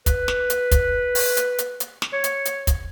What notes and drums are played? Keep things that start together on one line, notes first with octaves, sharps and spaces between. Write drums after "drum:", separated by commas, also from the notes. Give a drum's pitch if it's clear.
B4, drum: kick, hi-hat
drum: snare
drum: hi-hat
drum: kick, hi-hat
drum: open hi-hat
drum: hi-hat
drum: hi-hat
drum: hi-hat
drum: snare
C#5
drum: hi-hat
drum: hi-hat
drum: kick, hi-hat